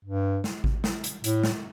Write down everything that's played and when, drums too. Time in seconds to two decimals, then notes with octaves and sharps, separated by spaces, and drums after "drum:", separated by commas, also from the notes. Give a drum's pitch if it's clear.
0.05 G2
0.44 drum: snare
0.64 drum: kick G#1
0.84 drum: snare
1.04 drum: hi-hat
1.24 A2, drum: hi-hat
1.44 drum: snare